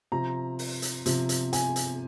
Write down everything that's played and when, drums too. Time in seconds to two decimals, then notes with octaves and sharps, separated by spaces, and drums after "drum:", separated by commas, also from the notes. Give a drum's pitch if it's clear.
0.12 C3 F3 A#5
0.59 drum: open hi-hat
0.82 drum: hi-hat
1.06 C3 F3, drum: hi-hat
1.29 drum: hi-hat
1.53 G#5, drum: hi-hat
1.76 drum: hi-hat